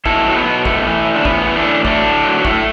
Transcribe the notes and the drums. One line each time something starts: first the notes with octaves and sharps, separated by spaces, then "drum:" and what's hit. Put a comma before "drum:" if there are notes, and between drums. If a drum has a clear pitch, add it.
B2 E4 A4, drum: kick
F#3
B3
B2
A2 A3, drum: kick
E3
A2
D4
E3 B3, drum: kick
E3
A3 D4
A2
F#3 A3 D4, drum: kick
A2
F#3
A2 A3, drum: kick